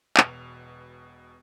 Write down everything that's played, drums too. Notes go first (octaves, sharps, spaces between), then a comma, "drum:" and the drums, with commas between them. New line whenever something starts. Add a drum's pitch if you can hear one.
E1 B2 F7, drum: clap